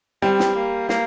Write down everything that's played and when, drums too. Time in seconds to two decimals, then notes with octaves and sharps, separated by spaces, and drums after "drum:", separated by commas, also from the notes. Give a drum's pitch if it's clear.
0.22 G3 C4
0.39 drum: snare
0.55 A#3
0.89 A#3, drum: snare